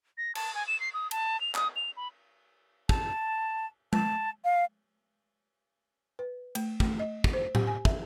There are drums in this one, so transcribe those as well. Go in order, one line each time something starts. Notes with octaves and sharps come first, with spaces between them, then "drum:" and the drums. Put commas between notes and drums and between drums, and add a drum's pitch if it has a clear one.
A#6
A5, drum: cymbal
G#5
E7
C7
D#6
A5, drum: cymbal
F7
D#6, drum: clap
F7
B5
A5, drum: kick
A5, drum: tom G#3
F5
B4
A3, drum: cymbal
A3, drum: kick
D#5
drum: kick
C5
G4, drum: tom A2
G#5
E5, drum: kick